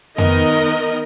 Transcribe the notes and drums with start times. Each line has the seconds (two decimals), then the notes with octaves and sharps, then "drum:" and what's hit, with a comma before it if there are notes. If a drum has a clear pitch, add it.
0.18 D#3 B3 A#4 D#5, drum: tom F2